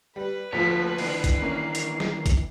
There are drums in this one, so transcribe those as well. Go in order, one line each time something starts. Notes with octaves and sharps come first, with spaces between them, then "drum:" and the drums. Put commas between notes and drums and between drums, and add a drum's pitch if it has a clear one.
G3 B4
D2 F3 A#3 C#5 F5 B6
D#3 E3 D4 C7, drum: open hi-hat
drum: kick G#1, hi-hat
A#3 C#4
drum: hi-hat
drum: snare
drum: kick G#1, hi-hat